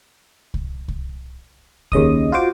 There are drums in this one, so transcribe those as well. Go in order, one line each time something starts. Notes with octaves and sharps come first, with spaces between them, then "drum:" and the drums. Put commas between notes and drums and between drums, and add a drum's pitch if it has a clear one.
drum: kick C2
drum: kick C2
D#2 C#3 D#5 D#6, drum: kick C2
F4 F#4 C5 D6